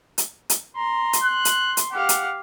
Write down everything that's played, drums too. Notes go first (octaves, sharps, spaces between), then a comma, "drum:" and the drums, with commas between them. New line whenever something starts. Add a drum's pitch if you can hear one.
drum: hi-hat
drum: hi-hat
A#5 C6
drum: hi-hat
F#6
drum: hi-hat
drum: hi-hat
G4 F5 F#5
drum: hi-hat